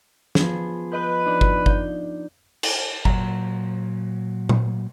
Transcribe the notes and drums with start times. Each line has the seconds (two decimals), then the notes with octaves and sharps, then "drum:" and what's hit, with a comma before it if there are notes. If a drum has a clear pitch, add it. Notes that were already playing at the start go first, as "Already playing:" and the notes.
0.35 F3 B3 G#4, drum: snare
0.92 B4 D#5 G6
1.26 D4 D#4
1.41 drum: kick G1
1.66 G6, drum: kick G1
2.63 drum: cymbal
3.05 A#2 F#3 A#5, drum: kick G1
4.49 drum: tom A#2